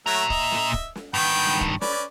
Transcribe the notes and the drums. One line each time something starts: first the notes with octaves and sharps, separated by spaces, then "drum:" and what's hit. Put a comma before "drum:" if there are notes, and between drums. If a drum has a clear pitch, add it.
A#2 F#3 A3 E5 A#5
D#5 E5, drum: kick
drum: snare
drum: kick
drum: snare
G2 D#3 B3 G5
drum: kick
C#4 B4 D5, drum: snare